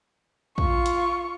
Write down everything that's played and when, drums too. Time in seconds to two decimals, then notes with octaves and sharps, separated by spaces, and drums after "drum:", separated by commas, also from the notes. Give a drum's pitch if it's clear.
0.58 F4 C#6, drum: kick
0.86 drum: hi-hat